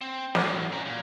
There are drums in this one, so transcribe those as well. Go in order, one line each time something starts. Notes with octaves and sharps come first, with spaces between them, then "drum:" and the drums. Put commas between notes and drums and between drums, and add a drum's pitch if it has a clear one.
C4
A2 F#3, drum: snare
C#4 A#5
A#2